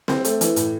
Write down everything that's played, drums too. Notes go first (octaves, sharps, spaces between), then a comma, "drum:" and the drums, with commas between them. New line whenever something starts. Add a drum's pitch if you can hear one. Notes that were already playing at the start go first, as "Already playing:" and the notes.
C4, drum: snare C4
A3, drum: hi-hat
E3, drum: hi-hat
A2, drum: hi-hat